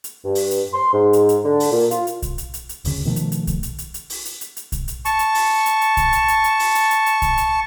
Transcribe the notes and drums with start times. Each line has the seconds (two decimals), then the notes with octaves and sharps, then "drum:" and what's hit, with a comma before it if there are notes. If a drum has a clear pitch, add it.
0.04 drum: hi-hat
0.25 G2
0.35 drum: open hi-hat
0.51 drum: hi-hat
0.74 C6
0.93 G#2
1.13 drum: hi-hat
1.29 drum: hi-hat
1.44 D3
1.60 drum: open hi-hat
1.72 A#2
1.91 F4, drum: hi-hat
2.07 drum: hi-hat
2.22 drum: kick, hi-hat
2.38 drum: hi-hat
2.54 drum: hi-hat
2.69 drum: hi-hat
2.85 D#1 D2 C#3, drum: open hi-hat
3.05 B2 D#3 F3 A3
3.16 drum: hi-hat
3.32 drum: hi-hat
3.47 drum: kick, hi-hat
3.63 drum: hi-hat
3.78 drum: hi-hat
3.94 drum: hi-hat
4.10 drum: open hi-hat
4.25 drum: hi-hat
4.41 drum: hi-hat
4.57 drum: hi-hat
4.72 drum: kick, hi-hat
4.88 drum: hi-hat
5.05 A5 C#6, drum: hi-hat
5.19 drum: hi-hat
5.35 drum: open hi-hat
5.66 drum: hi-hat
5.81 drum: hi-hat
5.97 drum: kick, hi-hat
6.13 drum: hi-hat
6.28 drum: hi-hat
6.44 drum: hi-hat
6.59 drum: open hi-hat
6.75 drum: hi-hat
6.91 drum: hi-hat
7.06 drum: hi-hat
7.22 drum: kick, hi-hat
7.37 drum: hi-hat